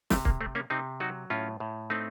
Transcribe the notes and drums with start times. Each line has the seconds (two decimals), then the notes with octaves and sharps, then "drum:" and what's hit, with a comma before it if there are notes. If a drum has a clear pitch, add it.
0.10 C3 A3, drum: snare
0.25 A#3, drum: kick C#1
0.41 A3 C4
0.55 A#3 C#4
0.70 C3 C4 D#4
1.00 F#3 D#4 F#4
1.30 A2 C#4 F4
1.60 A2
1.90 A3 C4 D#4